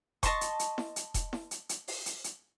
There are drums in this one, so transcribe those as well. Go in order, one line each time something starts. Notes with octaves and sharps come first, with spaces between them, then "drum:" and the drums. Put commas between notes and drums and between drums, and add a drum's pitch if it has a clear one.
D#5 A5 C6 C#6, drum: kick E1, hi-hat
drum: hi-hat
drum: hi-hat
drum: snare E4
drum: hi-hat
drum: kick E1, hi-hat
drum: snare E4
drum: hi-hat
drum: hi-hat
drum: open hi-hat
drum: hi-hat
drum: hi-hat